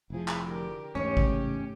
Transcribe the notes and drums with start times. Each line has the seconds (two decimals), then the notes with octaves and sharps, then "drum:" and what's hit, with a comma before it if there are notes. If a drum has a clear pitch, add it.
0.10 F1 F3 E4 G#4
0.28 drum: clap
0.42 D3 G4 A#4
0.95 E2 G#2 G#3 A3 C#4 D#4 G4 C#5
1.17 drum: kick G#1